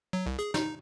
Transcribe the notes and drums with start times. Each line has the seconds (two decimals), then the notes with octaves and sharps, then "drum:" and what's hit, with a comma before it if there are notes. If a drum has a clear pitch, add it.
0.13 F#3
0.26 C2
0.39 G#4, drum: hi-hat
0.54 D#4, drum: snare